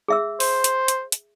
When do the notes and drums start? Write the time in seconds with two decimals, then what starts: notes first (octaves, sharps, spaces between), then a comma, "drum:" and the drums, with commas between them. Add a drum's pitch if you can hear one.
0.08 G#4 E5 E6
0.40 C5, drum: open hi-hat
0.64 drum: hi-hat
0.88 drum: hi-hat
1.12 drum: hi-hat